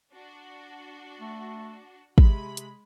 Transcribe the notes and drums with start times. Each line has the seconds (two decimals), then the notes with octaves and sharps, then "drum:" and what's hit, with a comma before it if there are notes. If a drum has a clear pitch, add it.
0.12 D4 F#4
1.20 A3
2.18 C3 G#3 B5, drum: kick
2.57 drum: hi-hat